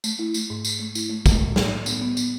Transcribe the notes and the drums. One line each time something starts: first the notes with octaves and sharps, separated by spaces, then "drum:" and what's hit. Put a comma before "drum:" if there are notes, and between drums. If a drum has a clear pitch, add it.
A3, drum: tambourine
E4
A3, drum: tambourine
G#2
G#2, drum: tambourine
A3
E4, drum: tambourine
A3
G#3, drum: kick, tambourine
A2
A2, drum: snare
A2
B3, drum: tambourine
B3
B3, drum: tambourine